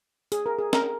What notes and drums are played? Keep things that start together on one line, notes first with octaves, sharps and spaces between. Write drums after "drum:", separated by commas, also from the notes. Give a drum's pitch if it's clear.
G#4, drum: hi-hat
A#4
G#4
A#4, drum: snare